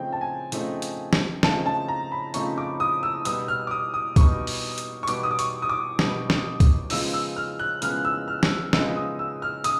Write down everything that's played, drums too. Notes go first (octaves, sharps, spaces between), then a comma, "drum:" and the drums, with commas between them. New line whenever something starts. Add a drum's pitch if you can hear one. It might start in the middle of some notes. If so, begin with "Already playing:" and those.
Already playing: C#3 F3 A3 C4 D#4 G5
A5
G#5
C#3 F3 A3 C4 D#4, drum: hi-hat
drum: hi-hat
drum: snare
C#3 F3 A3 C4 D#4 A5, drum: snare
A5
A#5
B5
C#3 F3 A3 C4 D#4 C#6, drum: hi-hat
D6
D#6
E6
B2 G3 B3 D#4 D#6, drum: hi-hat
F6
D6
D#6
D#6
B2 G3 B3 D#4 C#6, drum: kick, hi-hat
drum: open hi-hat
drum: hi-hat
C#6
B2 G3 B3 D#4 D6, drum: hi-hat
D#6
D6
C#6, drum: hi-hat
D#6
D6
B2 G3 B3 D#4, drum: snare
drum: snare
drum: kick, hi-hat
C#3 F3 G#3 B3 D#4 E6, drum: open hi-hat
E6
F6
F#6
C#3 F3 G#3 B3 D#4 F6, drum: hi-hat
E6
F6
drum: snare
C#3 F3 G#3 B3 D#4 E6, drum: snare
D#6
E6
F6
C#3 D#6, drum: hi-hat